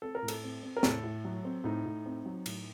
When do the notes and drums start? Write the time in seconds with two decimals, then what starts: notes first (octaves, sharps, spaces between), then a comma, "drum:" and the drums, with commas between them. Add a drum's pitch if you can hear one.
0.02 C4 A4
0.15 A#4
0.22 A2
0.28 A4, drum: cymbal
0.43 C4
0.63 C4
0.77 A#4
0.83 A2 A4, drum: snare
1.04 A2
1.25 F#3
1.45 C4
1.64 A2 D#4
1.85 A2
2.06 C4
2.26 F#3
2.46 A2, drum: cymbal